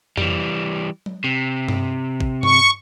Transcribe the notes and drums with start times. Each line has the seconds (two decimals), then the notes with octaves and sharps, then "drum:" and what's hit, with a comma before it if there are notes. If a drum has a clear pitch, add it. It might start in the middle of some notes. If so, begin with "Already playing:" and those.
0.17 E3 G3, drum: tom F2
1.06 drum: tom F#3
1.24 C3
1.68 drum: tom G2
2.21 drum: kick A1
2.43 C#6, drum: tom G2